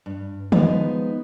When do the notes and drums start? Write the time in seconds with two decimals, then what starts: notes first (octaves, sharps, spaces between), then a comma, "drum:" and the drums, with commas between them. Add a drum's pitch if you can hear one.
0.06 G2
0.52 F3 G#3 B3 D#4, drum: tom D3